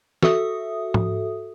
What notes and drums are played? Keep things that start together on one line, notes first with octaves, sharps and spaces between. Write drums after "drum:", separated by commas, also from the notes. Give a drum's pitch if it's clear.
F#4 A4 E5 D#6, drum: snare
drum: tom G#2